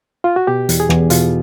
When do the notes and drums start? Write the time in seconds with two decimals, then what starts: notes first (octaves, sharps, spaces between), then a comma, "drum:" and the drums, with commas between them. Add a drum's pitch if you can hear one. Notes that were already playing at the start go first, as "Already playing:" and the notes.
0.24 F4
0.36 F#4
0.47 B2 G4
0.69 E2, drum: hi-hat
0.80 G#4
0.90 E2, drum: rim click
1.10 B2 F4, drum: hi-hat